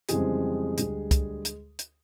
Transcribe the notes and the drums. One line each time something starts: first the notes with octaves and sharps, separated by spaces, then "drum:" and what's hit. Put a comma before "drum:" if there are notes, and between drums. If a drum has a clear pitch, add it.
F2 C#3 E3 G3 G#3 G#4, drum: hi-hat
D2 D3 G3, drum: hi-hat
drum: kick, hi-hat
drum: hi-hat
drum: hi-hat